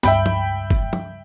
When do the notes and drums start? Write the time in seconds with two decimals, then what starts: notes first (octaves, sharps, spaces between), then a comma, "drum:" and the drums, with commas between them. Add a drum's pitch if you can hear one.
0.03 C#2 G2 E5 G5 B5, drum: snare
0.26 drum: tom
0.70 drum: kick
0.93 drum: tom